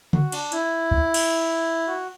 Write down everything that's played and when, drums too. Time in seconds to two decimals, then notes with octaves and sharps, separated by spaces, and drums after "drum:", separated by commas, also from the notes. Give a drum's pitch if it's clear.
0.13 F#4, drum: tom C#3
0.32 D4, drum: cymbal
0.52 E4, drum: hi-hat
0.91 drum: kick
1.14 drum: cymbal
1.87 F#4